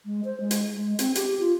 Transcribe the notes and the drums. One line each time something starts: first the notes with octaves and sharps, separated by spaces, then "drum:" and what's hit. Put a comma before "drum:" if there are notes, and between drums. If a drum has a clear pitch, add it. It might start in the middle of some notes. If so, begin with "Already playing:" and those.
G#3
C5
G#3
drum: hi-hat
G#3
C4, drum: hi-hat
G4, drum: hi-hat
F4